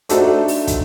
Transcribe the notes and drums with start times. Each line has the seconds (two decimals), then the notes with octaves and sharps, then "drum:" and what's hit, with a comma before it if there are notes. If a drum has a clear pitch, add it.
0.09 A3 D4 D#4 F#4 A4 C5, drum: hi-hat
0.48 drum: open hi-hat
0.67 drum: kick, hi-hat